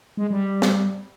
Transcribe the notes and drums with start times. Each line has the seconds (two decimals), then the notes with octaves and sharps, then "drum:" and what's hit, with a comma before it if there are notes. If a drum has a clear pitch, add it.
0.17 G#3
0.31 G3
0.62 drum: snare